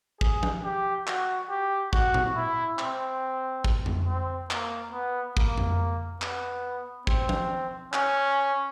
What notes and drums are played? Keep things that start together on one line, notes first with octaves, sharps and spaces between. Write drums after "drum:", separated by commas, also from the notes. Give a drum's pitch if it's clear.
G#4, drum: kick
drum: tom F3
G4
F#4, drum: clap
G4
F#4, drum: kick
drum: tom A#2
E4
C4, drum: clap
drum: kick
drum: tom F2
C4
A#3, drum: clap
B3
A#3, drum: kick
drum: tom F2
B3, drum: clap
C4, drum: kick
drum: tom F3
C#4, drum: clap